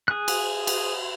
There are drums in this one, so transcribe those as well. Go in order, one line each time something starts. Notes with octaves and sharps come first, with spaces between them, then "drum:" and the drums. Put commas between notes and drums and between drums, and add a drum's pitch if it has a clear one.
G#4 F#6
drum: cymbal
drum: cymbal